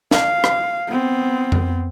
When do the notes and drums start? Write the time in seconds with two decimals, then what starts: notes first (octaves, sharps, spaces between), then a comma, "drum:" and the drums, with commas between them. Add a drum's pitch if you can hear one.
0.11 F5, drum: snare
0.44 drum: rim click
0.88 B3 C4
1.52 drum: tom F2